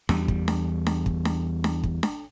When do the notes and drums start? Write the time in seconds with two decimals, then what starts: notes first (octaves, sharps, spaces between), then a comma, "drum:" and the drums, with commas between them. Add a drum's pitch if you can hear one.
0.09 E2 G3, drum: snare D4
0.28 drum: kick
0.48 drum: snare D4
0.87 drum: snare D4
1.06 drum: kick
1.25 drum: snare D4
1.64 drum: snare D4
1.83 drum: kick
2.03 drum: snare D4